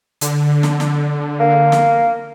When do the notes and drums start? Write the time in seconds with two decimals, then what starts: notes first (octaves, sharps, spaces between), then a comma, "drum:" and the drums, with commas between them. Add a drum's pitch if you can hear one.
0.21 D3, drum: hi-hat
0.63 drum: snare
0.80 drum: snare
1.40 A#3
1.72 drum: snare